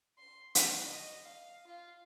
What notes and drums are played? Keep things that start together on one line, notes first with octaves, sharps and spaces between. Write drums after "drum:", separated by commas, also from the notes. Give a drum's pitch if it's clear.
C6
C#6, drum: hi-hat
D#5
F5
F4